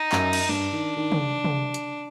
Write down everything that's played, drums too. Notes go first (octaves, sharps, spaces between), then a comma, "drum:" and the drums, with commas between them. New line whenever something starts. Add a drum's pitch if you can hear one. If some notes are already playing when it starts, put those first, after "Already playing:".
Already playing: D#4
F#2, drum: clap
drum: cymbal
G2 D4
D#3
D#3
drum: tom
drum: tom
drum: hi-hat